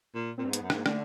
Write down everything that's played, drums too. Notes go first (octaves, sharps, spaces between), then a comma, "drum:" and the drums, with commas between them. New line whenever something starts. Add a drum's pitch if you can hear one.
A#2
A#2 C4
G2
G#2
B3, drum: hi-hat
F#2
G#2 A#3, drum: rim click
D3 A3, drum: rim click